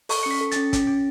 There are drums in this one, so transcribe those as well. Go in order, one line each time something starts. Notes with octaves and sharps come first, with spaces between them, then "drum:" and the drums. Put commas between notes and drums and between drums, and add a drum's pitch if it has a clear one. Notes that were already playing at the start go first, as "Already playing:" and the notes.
A4 C#6, drum: open hi-hat
C#7
C#4 B6
A4
C#4 A6, drum: hi-hat
C#4, drum: kick, hi-hat
C#4